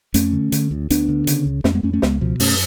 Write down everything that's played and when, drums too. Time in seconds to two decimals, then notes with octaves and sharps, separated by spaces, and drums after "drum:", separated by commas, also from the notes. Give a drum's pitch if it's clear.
0.14 F2 A3 C#4, drum: hi-hat
0.33 D3
0.52 D3, drum: hi-hat
0.71 D2
0.90 D2 B3 D4, drum: hi-hat
1.08 D3
1.27 C#3, drum: hi-hat
1.46 C#2
1.64 F2 A3 C#4, drum: snare
1.75 G#3 B3
1.83 F2 A3 C#4
1.93 A3 C#4
2.02 C#2 G#3 B3, drum: snare
2.21 B2 F3
2.40 F#2 A3 C#4, drum: open hi-hat